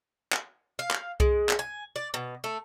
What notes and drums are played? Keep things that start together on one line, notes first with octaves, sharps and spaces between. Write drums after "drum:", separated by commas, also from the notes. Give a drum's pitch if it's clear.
drum: clap
F5
drum: clap
G#3, drum: kick C2
drum: clap
G#5
D5
B2
A3